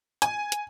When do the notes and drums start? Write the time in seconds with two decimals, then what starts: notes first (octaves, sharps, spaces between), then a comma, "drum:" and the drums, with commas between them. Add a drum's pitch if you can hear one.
0.22 G#5, drum: hi-hat
0.52 drum: hi-hat